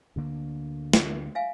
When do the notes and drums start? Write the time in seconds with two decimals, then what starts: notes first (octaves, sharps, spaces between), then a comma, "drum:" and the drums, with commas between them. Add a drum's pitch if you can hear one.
0.16 D2 D3 A#3
0.93 drum: snare
1.35 E5 F5 G#5